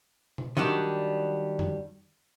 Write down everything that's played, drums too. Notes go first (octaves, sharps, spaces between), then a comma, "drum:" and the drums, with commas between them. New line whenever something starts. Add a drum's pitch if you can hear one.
drum: tom B2
D#3 F#3 G3 D4
drum: tom F2